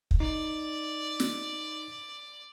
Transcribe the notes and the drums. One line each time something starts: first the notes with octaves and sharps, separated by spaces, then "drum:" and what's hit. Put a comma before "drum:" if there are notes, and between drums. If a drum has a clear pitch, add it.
drum: kick
D#4 D5
drum: snare